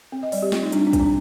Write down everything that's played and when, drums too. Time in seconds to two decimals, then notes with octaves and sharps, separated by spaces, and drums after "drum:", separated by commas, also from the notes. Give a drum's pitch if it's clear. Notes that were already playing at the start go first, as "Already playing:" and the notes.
0.12 C4
0.23 D#5
0.32 G3 D5, drum: open hi-hat
0.42 G4
0.52 C4 F4, drum: snare
0.63 D#4
0.72 G3 D4, drum: hi-hat
0.87 D4
0.93 C4, drum: kick, hi-hat
1.00 D4